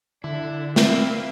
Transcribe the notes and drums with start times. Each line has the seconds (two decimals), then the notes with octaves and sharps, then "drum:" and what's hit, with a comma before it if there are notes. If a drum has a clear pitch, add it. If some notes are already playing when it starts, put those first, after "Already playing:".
0.24 D3 D4 E4
0.76 A#3 C4 B4 E5, drum: snare